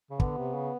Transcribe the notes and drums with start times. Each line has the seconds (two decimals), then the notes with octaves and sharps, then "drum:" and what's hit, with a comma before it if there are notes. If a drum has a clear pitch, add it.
0.10 C#3
0.20 D3 B3, drum: kick
0.37 C3
0.54 C#3